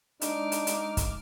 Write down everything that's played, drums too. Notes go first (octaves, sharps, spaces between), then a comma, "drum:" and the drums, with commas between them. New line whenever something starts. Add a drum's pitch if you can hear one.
G#3 D4 D#4 D6 F6, drum: hi-hat
drum: hi-hat
drum: hi-hat
drum: kick, hi-hat